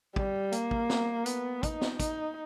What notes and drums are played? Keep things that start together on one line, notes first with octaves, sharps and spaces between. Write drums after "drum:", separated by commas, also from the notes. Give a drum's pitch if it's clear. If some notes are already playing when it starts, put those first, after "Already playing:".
G3, drum: kick
A#3, drum: hi-hat
drum: kick
drum: snare
B3, drum: hi-hat
D#4, drum: kick, hi-hat
drum: snare
D#4, drum: kick, hi-hat